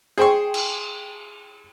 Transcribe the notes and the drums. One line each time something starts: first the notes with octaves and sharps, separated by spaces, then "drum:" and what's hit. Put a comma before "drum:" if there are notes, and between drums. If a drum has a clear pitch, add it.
G#4 C5 G5 C6 C#6
drum: cymbal